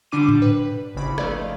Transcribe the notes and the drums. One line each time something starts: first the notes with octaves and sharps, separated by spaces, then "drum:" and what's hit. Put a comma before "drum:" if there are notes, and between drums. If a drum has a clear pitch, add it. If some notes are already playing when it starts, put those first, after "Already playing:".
D3 G3 D4 D6 D#7 E7
drum: tom G#2
B4
G1 C2 C#3 B5 D6
F3 A3 B4 D5 D#5 F5, drum: rim click